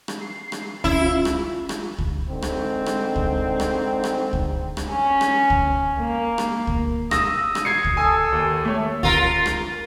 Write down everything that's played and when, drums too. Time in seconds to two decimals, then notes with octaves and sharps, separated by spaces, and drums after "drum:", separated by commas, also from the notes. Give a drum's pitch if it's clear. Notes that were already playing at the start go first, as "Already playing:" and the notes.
0.08 drum: rim click
0.21 C7
0.52 drum: rim click
0.84 C#4 E4, drum: kick C#2
1.02 F4
1.25 drum: rim click
1.69 drum: rim click
1.98 drum: kick C#2
2.30 G#2 D3 C4
2.42 drum: rim click
2.86 drum: rim click
3.16 drum: kick C#2
3.60 drum: rim click
4.04 drum: rim click
4.33 drum: kick C#2
4.77 drum: rim click
4.92 C#4
5.21 drum: rim click
5.50 drum: kick C#2
5.99 A#3
6.38 drum: rim click
6.67 drum: kick C#2
7.11 D#6 E6 A#6, drum: rim click
7.55 drum: rim click
7.65 G#6 C7 C#7
7.84 drum: kick C#2
7.97 A4 G#5 D#6
8.32 D#2
8.65 A3 C#5
9.03 F4 A#4, drum: kick C#2
9.46 drum: rim click